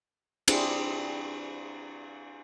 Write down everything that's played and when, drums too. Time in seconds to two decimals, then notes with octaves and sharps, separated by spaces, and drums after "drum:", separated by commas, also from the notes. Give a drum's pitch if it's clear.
0.48 C4 D4 E4 G4 G#4 C5, drum: cymbal